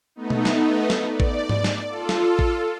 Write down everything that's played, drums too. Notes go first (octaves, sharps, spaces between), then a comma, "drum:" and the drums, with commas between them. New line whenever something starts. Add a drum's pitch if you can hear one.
A3 B3 D#4
drum: tom B2
drum: snare
drum: snare
D5
drum: kick A1
drum: tom G#2
drum: snare
F4 A4
drum: snare
drum: kick A1